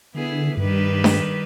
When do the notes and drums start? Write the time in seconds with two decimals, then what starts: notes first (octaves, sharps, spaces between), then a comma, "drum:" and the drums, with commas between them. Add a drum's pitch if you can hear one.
0.15 D3 B3 E4 G#4
0.57 G2 D#3 G3 B4
1.04 drum: snare D4